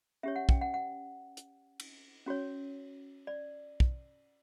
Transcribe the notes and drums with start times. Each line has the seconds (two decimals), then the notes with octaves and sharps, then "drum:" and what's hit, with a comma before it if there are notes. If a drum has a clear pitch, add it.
0.23 C#4 G4 C#5 E5
0.36 F#5
0.49 G5, drum: kick
0.61 F#5
0.74 F#5
1.37 drum: hi-hat
1.80 drum: cymbal
2.26 C#4 F#4 C#5
3.27 D5
3.80 drum: kick